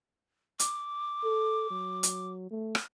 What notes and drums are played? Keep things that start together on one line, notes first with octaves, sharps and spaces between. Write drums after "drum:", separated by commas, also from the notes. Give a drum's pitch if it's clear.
D6, drum: hi-hat
A4
F#3
drum: hi-hat
A3
drum: rim click